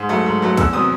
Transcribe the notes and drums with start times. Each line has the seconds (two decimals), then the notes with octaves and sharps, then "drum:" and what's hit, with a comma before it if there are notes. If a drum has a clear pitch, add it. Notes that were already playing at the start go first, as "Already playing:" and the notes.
Already playing: G#2
0.09 F#3 A3
0.26 G#2
0.42 F#3 A3
0.57 E2 E6, drum: kick, cymbal
0.73 C3 F#3 D#6